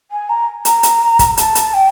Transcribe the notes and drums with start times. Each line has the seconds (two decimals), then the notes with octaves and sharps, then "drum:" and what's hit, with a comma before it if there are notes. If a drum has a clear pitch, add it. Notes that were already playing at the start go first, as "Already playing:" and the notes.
0.11 G#5
0.29 A#5
0.65 A#5, drum: hi-hat
0.83 drum: hi-hat
1.19 drum: kick, hi-hat
1.37 A5, drum: hi-hat
1.55 drum: hi-hat
1.73 G5